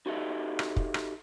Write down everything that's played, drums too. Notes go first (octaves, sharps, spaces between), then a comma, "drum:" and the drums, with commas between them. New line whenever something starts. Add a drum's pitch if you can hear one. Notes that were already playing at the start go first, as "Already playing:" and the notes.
D#4 F#4 G4 A4 D#5 E5
drum: rim click
drum: kick
drum: rim click